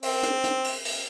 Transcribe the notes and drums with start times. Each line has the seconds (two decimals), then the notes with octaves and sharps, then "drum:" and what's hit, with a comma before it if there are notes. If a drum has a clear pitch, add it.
0.03 C4, drum: open hi-hat
0.23 drum: hi-hat
0.44 drum: hi-hat
0.64 drum: open hi-hat
0.85 drum: open hi-hat